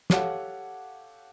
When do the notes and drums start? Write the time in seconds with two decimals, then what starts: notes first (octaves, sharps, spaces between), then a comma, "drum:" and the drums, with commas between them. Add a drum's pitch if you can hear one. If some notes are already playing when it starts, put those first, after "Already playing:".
0.10 G4 A4 C#5 F5 F#5, drum: snare